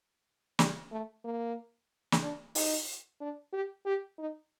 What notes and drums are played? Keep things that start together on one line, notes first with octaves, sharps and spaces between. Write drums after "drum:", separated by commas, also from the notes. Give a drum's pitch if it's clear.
G3, drum: snare
A3
A#3
drum: snare
D4
D#4, drum: open hi-hat
D4
G4
G4
D#4